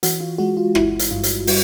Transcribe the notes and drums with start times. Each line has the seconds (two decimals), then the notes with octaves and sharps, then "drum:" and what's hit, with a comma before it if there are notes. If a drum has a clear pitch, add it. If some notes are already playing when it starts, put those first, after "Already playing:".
0.03 E3 F#4, drum: hi-hat
0.20 F4
0.38 G#3 F#4
0.57 F4
0.75 G1 E4, drum: rim click
0.99 drum: hi-hat
1.11 G2 F4
1.23 drum: hi-hat
1.47 G3 F#4, drum: open hi-hat